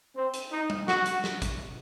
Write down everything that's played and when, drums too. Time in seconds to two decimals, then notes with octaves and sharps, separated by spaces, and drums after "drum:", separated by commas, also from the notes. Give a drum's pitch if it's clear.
0.16 C4
0.34 drum: hi-hat
0.52 D#4
0.70 drum: tom G3
0.88 F#4, drum: snare
1.06 drum: hi-hat
1.24 drum: snare
1.42 drum: kick, hi-hat